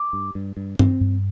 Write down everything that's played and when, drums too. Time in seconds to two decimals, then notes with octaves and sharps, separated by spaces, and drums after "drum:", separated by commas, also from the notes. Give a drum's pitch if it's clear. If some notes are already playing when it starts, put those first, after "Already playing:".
Already playing: D6
0.13 G2
0.35 G2
0.57 G2
0.79 C4, drum: tom G2
1.01 G2